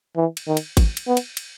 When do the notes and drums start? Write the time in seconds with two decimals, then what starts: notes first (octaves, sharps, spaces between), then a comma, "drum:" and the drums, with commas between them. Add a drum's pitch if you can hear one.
0.16 E3
0.37 drum: cymbal
0.47 D#3
0.57 drum: cymbal
0.77 drum: kick G#1, cymbal
0.97 drum: cymbal
1.07 B3
1.17 drum: cymbal
1.37 drum: cymbal